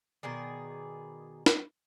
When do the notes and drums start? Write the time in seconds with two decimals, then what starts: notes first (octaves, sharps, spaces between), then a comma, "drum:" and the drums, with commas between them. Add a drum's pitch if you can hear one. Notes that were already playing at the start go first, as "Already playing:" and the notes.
0.23 B2 D#3 G#4 D5
1.46 drum: snare